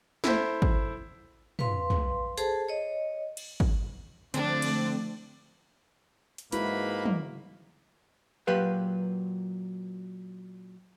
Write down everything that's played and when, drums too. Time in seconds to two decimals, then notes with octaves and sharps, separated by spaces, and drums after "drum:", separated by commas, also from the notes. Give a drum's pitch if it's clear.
0.24 E4 A4 C5, drum: snare
0.62 drum: kick
1.59 B4 F5 C6, drum: tom
1.90 drum: tom
2.38 G#4 A4 C5 A5, drum: hi-hat
2.69 C#5 D#5
3.37 drum: cymbal
3.60 drum: kick
4.34 D3 F3 A3 C4 D4, drum: hi-hat
4.62 drum: cymbal
6.38 drum: hi-hat
6.52 G#2 G#3 A#3 E4 F#4 B4 B5, drum: hi-hat
7.05 drum: tom
8.47 A#2 F#3 G4 B4 F5